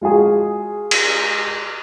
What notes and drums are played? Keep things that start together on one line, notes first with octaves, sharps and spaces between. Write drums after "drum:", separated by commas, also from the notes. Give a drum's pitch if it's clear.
G#3 F4 F#4 G#4
drum: cymbal